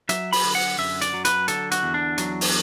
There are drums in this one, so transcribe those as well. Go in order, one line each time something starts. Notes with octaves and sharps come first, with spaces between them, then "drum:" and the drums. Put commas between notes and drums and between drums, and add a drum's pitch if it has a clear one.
F#3 E5, drum: hi-hat
B5, drum: open hi-hat
D3
F#5
F#2 E5
D5, drum: hi-hat
F#3
B4, drum: hi-hat
D3 A4, drum: hi-hat
F#4, drum: hi-hat
E2
D4
F#3, drum: hi-hat
drum: open hi-hat